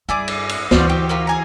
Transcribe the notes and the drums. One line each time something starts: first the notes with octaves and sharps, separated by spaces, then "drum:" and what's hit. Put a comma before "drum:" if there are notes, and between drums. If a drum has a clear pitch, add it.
G2 E4 G#4 D5
drum: cymbal
drum: cymbal
D2 D3 E3 F4 F#4 C5 D5 F5, drum: snare
G4
A#3 F4 G4
G#4 G#5 A#5